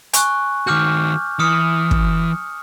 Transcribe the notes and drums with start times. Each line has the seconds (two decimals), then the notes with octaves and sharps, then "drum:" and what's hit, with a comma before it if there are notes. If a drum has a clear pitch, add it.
0.13 G#5 C#6 F#6, drum: hi-hat
0.67 D#3 F#4 D6 F6 G6
1.40 E3 D#6 F6 C#7
1.91 drum: kick